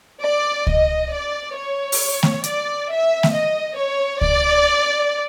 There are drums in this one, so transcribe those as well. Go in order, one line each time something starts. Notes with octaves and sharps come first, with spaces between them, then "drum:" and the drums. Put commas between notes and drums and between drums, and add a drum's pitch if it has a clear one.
D5
D#5, drum: kick C#2
D5
C#5
drum: open hi-hat
drum: snare A3
D5, drum: hi-hat
E5
drum: snare A3
D#5
C#5
D5, drum: kick C#2